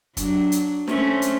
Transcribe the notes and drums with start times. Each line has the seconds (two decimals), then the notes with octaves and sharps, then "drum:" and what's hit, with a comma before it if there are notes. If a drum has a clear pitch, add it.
0.17 F#3 D4, drum: kick, hi-hat
0.52 drum: hi-hat
0.88 A3 C4 C#4, drum: snare
1.22 drum: hi-hat